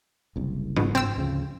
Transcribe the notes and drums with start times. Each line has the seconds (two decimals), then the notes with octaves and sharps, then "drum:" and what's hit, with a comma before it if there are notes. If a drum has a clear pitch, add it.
0.36 F#1 C2
0.76 B2, drum: tom
0.95 C4 E6
1.17 D2 C#3 F3